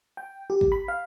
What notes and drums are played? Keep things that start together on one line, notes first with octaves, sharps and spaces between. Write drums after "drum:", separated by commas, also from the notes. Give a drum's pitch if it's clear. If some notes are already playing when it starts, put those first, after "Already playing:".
G5
G4
drum: kick
B5
F5